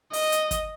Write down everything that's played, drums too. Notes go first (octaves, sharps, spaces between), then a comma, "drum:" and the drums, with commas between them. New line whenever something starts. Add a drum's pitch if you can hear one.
D#5, drum: open hi-hat
drum: hi-hat
drum: kick, hi-hat